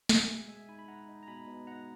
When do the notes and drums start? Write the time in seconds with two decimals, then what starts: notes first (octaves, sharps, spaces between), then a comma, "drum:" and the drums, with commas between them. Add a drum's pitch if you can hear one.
0.09 B2, drum: snare
0.29 G#3 E5 G#5
0.48 G#3 E5 G#5
0.68 D#4 G#5 B5
0.79 B5
0.88 D#4 F#5 A#5
1.08 D#4
1.23 A#5
1.27 B2 G#5 B5
1.47 B2
1.67 D#4 F#5 A#5